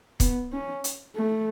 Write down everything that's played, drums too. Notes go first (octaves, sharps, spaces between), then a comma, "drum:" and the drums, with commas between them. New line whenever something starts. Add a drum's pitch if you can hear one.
B3, drum: kick, hi-hat
C#4
drum: hi-hat
A3